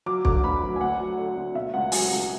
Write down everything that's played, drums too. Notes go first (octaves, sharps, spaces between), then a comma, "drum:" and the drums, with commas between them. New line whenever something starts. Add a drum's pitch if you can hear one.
F#3 D6
D3 D6, drum: kick
D2 B5
F#3
G#5
D2 F#5
F#3
D3
D2
B2 E5
C#2 F#5
F#3 G#5, drum: open hi-hat
C#2